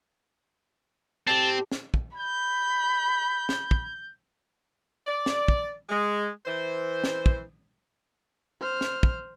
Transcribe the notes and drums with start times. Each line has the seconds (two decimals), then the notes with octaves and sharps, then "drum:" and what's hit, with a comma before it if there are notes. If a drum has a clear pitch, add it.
1.27 A2 G3 C4 G4 A5
1.72 drum: snare
1.94 drum: kick
2.17 B5 G6
3.49 drum: snare
3.71 drum: kick
5.07 D5
5.26 drum: snare
5.48 drum: kick
5.90 G#3
6.46 E3 C5
7.04 drum: snare
7.26 drum: kick
8.61 C5 F6
8.81 drum: snare
9.03 drum: kick